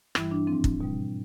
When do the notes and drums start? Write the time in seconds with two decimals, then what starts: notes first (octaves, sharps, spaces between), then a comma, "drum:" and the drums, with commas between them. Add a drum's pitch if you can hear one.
0.15 G2 E3 G3 E4, drum: rim click
0.31 D4
0.47 F3 C4
0.53 G#2
0.64 drum: kick
0.81 B2 G3